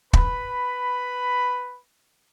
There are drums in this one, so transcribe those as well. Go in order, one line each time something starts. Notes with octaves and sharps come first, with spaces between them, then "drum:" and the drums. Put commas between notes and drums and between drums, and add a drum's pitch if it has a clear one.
B4 B5, drum: kick